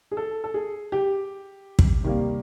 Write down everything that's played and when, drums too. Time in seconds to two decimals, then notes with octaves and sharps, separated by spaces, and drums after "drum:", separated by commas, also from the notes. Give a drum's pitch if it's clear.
0.11 G#4
0.17 A4
0.44 A4
0.54 G#4
0.92 G4
1.79 drum: kick
2.03 C3 D#3 G3 A#3